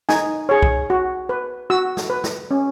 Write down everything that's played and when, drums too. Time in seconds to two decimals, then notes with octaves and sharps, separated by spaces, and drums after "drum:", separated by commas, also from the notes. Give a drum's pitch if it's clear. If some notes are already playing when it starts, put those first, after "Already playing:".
0.09 D#4 G#5, drum: snare
0.49 G#4 C#5
0.62 drum: kick B1
0.90 F#4
1.29 B4
1.70 F#4 E6
1.97 drum: snare
2.10 B4
2.24 drum: snare
2.51 C#4